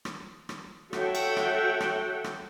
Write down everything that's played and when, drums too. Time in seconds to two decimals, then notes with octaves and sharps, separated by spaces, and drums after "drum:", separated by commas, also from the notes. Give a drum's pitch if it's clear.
0.05 drum: rim click
0.49 drum: rim click
0.93 F#4 A4 C#5 E5 F#5 G5, drum: rim click
1.15 drum: cymbal
1.37 drum: rim click
1.81 drum: rim click
2.24 drum: rim click